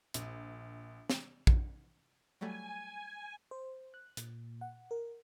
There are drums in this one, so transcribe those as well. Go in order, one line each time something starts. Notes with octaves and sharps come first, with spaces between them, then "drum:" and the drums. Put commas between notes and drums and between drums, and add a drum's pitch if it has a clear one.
A#1, drum: hi-hat
drum: snare
drum: kick A#1
F#3 G3 A3 G#5
C5
F#6
A#2, drum: hi-hat
F#5
A#4